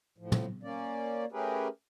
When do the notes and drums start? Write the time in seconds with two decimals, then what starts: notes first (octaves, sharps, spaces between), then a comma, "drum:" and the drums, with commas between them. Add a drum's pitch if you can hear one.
0.18 A2 F3
0.32 drum: tom
0.63 A#3 C#4 D5
1.32 A3 C#4 G4 G#4 A#4 B4